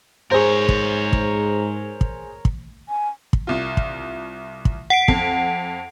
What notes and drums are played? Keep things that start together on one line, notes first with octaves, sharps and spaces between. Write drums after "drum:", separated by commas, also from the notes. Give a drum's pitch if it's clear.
G#2 G#4 A#4 C5 C#5
drum: kick
drum: kick
drum: kick
drum: kick
G#5
drum: kick
C2 F4
drum: kick
drum: kick
F#5 C7 D7
F2, drum: kick